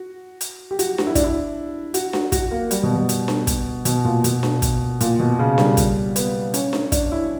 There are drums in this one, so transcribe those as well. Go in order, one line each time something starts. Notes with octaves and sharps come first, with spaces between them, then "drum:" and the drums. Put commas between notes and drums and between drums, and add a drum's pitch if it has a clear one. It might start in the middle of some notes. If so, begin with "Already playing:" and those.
Already playing: F#4
drum: hi-hat
G4
F#4, drum: hi-hat
F#4, drum: snare D4
E4
D4, drum: kick, hi-hat
E4
F#4, drum: hi-hat
F#4, drum: snare D4
F#4, drum: kick, hi-hat
A#3
G3, drum: hi-hat
B2
B2
drum: hi-hat
drum: snare D4
drum: kick, hi-hat
B2, drum: hi-hat
A#2
B2, drum: hi-hat
drum: snare D4
drum: kick, hi-hat
A#2, drum: hi-hat
B2
C#3
G3, drum: snare D4
drum: kick, hi-hat
B3, drum: hi-hat
C#4, drum: hi-hat
drum: snare D4
D4, drum: kick, hi-hat
E4